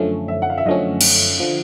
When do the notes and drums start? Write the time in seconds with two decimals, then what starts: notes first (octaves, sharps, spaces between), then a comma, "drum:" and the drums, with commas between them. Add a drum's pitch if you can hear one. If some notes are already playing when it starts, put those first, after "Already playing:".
Already playing: F#2 D3 F3 A3 C#4
0.28 E5
0.42 F#5
0.50 F5
0.58 E5
0.66 F#2 D3 F3 A3 C#4 D#5
1.01 drum: cymbal
1.40 D3 F3